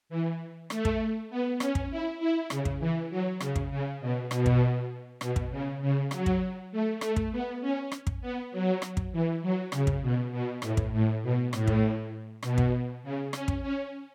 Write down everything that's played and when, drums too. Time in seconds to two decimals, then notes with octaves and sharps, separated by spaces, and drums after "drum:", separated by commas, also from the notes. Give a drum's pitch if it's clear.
0.09 E3
0.70 A3, drum: rim click
0.85 drum: kick
1.30 B3
1.60 C#4, drum: rim click
1.75 drum: kick
1.90 E4
2.20 E4
2.50 C#3, drum: rim click
2.65 drum: kick
2.80 E3
3.10 F#3
3.40 C#3, drum: rim click
3.56 drum: kick
3.71 C#3
4.01 B2
4.31 B2, drum: rim click
4.46 drum: kick
5.21 B2, drum: rim click
5.36 drum: kick
5.51 C#3
5.82 C#3
6.11 F#3, drum: rim click
6.26 drum: kick
6.72 A3
7.01 A3, drum: rim click
7.16 drum: kick
7.32 B3
7.61 C#4
7.92 drum: rim click
8.07 drum: kick
8.21 B3
8.52 F#3
8.82 drum: rim click
8.97 drum: kick
9.12 E3
9.42 F#3
9.72 C#3, drum: rim click
9.87 drum: kick
10.02 B2
10.32 B2
10.62 A2, drum: rim click
10.77 drum: kick
10.93 A2
11.23 B2
11.53 A2, drum: rim click
11.67 drum: kick
12.43 B2, drum: rim click
12.58 drum: kick
13.03 C#3
13.33 C#4, drum: rim click
13.48 drum: kick
13.63 C#4